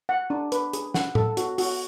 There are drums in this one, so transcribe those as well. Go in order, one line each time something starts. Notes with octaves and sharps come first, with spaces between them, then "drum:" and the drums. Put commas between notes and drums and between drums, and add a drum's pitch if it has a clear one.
F#5
D4
B4, drum: hi-hat
G#4, drum: hi-hat
F#5, drum: snare
A4, drum: tom A2
F#4, drum: hi-hat
F#4, drum: open hi-hat